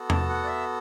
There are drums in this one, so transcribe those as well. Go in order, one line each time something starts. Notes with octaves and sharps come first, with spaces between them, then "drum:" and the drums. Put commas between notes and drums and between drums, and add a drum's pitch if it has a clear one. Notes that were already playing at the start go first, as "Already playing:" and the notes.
Already playing: B3 F#4 A4
A5, drum: tom E2
F#5
D5
E5